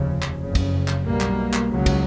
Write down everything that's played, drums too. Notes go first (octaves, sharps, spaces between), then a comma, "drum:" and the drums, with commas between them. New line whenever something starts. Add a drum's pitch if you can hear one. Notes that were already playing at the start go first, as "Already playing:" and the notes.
Already playing: F1 D#2 C#3 F3
drum: clap
F#1 F2 C#3
drum: kick, cymbal
drum: clap
B1 B2 G3 A#3
drum: clap
drum: clap
C#2 C#3 F#3
drum: kick, cymbal